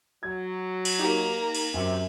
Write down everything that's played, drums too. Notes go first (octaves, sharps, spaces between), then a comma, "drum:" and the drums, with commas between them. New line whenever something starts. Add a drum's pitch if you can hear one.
F#3 G#6
drum: cymbal
A#3 D#4 G4 A#5
drum: cymbal
F#2 C3